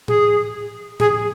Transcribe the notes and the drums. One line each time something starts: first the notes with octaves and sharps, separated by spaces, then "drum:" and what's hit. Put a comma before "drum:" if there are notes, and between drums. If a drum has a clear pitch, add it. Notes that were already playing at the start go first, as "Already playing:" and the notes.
G#4, drum: tom A2
G#4, drum: tom A2